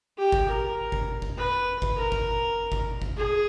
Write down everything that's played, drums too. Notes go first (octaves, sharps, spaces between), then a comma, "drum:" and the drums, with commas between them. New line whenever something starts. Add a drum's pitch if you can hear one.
G4
drum: kick G1
A#4
drum: kick G1
drum: kick G1
B4
drum: kick G1
A#4
drum: kick G1
drum: kick G1
drum: kick G1
G#4